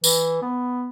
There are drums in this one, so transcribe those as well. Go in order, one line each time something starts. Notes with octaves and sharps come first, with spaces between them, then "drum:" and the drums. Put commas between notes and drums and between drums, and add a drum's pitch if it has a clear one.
E3, drum: tambourine
B3